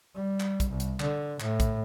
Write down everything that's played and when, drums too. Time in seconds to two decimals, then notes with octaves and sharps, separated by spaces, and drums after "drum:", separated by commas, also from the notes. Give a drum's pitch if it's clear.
0.15 G3
0.40 drum: clap
0.60 drum: kick, hi-hat
0.70 C2
0.80 drum: hi-hat
1.00 D3, drum: clap
1.40 A2, drum: clap
1.60 drum: kick, hi-hat